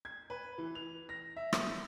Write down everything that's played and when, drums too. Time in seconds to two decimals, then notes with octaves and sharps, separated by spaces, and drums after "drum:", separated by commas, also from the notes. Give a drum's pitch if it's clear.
0.05 G#6
0.30 B4
0.58 E3
0.75 F7
1.09 A#6
1.36 E5
1.53 drum: rim click